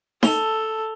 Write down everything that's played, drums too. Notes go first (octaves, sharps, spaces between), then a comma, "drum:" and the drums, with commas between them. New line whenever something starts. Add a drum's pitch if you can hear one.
A4 A5 F7 G7, drum: snare D#4